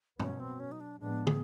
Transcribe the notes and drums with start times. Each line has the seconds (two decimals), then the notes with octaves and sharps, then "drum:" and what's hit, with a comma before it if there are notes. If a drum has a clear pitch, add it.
0.20 B2 F#3 B3 C#4, drum: tom G2
0.40 C4
0.60 C#4
0.72 D#4
0.80 D4
1.00 A2 F3 G#3 B3 D4
1.27 G#4, drum: tom